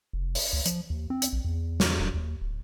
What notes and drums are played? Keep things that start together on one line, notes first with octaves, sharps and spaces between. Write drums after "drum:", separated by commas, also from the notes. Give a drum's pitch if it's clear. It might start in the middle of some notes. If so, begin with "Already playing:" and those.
F1
drum: open hi-hat
D2
F3, drum: hi-hat
D#2
C4
drum: hi-hat
A#1
E2
E2, drum: snare
D#1
D#2
D1